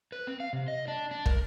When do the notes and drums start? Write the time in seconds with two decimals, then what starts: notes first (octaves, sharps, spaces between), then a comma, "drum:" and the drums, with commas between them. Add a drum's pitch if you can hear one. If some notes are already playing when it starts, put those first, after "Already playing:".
0.12 B4
0.27 C4
0.40 F5
0.53 C3
0.68 D#5
0.88 D4
1.11 D4
1.26 A#4, drum: kick